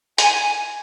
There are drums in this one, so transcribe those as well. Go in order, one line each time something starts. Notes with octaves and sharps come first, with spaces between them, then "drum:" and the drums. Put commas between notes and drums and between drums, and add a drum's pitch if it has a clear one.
G#5, drum: hi-hat